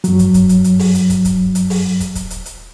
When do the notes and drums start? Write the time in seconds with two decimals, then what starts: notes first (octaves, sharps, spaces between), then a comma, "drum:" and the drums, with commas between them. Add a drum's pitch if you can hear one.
0.04 F#2 F#3, drum: hi-hat
0.19 drum: kick, hi-hat
0.34 drum: kick, hi-hat
0.49 drum: hi-hat
0.64 drum: hi-hat
0.79 drum: open hi-hat
0.95 drum: hi-hat
1.10 drum: kick, hi-hat
1.25 drum: kick, hi-hat
1.55 drum: hi-hat
1.70 drum: open hi-hat
2.00 drum: kick, hi-hat
2.15 drum: kick, hi-hat
2.30 drum: hi-hat
2.46 drum: hi-hat